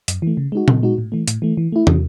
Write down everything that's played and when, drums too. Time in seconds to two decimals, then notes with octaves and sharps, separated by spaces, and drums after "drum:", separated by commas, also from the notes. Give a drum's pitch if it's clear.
0.08 F#2, drum: hi-hat
0.22 E3 A3
0.37 C#3
0.52 G#3 D#4 F#4
0.68 C#3, drum: tom A#2
0.83 G#3 D#4 F#4
0.98 A2
1.12 E3 A3
1.28 A2, drum: hi-hat
1.42 E3 A3
1.57 E3
1.72 A3 E4
1.87 E3, drum: tom